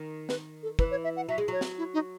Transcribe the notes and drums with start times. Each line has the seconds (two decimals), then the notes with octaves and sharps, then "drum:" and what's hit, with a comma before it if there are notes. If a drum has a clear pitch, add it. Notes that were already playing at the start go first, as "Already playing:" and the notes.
Already playing: D#3
0.29 B4, drum: snare
0.63 A4
0.79 E3 B4, drum: kick
0.91 C#5
1.04 E5
1.16 F#5
1.29 F#3 E5
1.38 G#3
1.48 F#3 C#5
1.61 drum: snare
1.78 E4
1.94 D#4